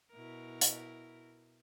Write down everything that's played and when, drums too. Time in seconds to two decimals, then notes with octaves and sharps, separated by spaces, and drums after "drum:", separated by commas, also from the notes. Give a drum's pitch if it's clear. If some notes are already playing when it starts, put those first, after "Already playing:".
0.12 B2 E4 A#4
0.61 drum: hi-hat